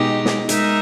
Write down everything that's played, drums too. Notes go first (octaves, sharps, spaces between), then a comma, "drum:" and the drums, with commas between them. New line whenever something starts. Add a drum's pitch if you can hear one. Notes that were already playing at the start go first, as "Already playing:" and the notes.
Already playing: B2 G#3 D#4 G4
drum: snare
G#3 D#4 A#4 E5, drum: hi-hat